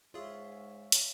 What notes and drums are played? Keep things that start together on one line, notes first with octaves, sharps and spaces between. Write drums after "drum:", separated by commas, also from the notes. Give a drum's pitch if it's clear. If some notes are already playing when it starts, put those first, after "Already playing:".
G#2 G#3 F4 G#4 C#5 E5 F5
drum: hi-hat